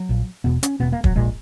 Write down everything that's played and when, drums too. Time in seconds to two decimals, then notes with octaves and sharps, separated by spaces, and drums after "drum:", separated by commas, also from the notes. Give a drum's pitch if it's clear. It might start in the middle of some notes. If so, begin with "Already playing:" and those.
Already playing: F#3
0.09 A#1 A#2
0.44 E1 E2 B2 B3
0.63 C#4, drum: hi-hat
0.80 E1 E2 B2 B3
0.92 A#3
1.04 F#3, drum: kick
1.16 A#1 A#2 G#3